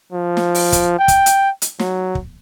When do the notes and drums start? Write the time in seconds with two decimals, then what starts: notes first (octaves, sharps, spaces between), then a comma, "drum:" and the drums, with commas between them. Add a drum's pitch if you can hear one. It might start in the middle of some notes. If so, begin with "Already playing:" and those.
0.12 F3
0.37 drum: snare
0.55 drum: open hi-hat
0.72 drum: kick, hi-hat
0.99 G5
1.08 drum: kick, hi-hat
1.26 drum: hi-hat
1.62 drum: hi-hat
1.79 F#3, drum: snare
2.15 drum: kick